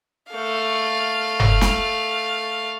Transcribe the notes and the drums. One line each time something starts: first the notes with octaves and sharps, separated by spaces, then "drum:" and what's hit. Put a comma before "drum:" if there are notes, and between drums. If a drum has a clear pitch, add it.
A3 F5
drum: tom F#1
drum: snare